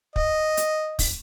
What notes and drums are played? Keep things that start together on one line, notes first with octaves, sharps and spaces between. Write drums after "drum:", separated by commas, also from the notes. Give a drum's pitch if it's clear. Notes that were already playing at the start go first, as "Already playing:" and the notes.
D#5, drum: kick
drum: hi-hat
drum: kick, open hi-hat